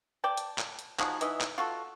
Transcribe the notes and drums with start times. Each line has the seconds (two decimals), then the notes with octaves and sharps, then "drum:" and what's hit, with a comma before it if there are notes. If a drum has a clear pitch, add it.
0.24 D5 G5 A5
0.37 drum: hi-hat
0.58 drum: clap
0.79 drum: hi-hat
0.99 F3 D#4 F#4 G#4, drum: clap
1.21 E3 D#4 D#5 E5, drum: hi-hat
1.41 drum: clap
1.58 F4 F#4 A4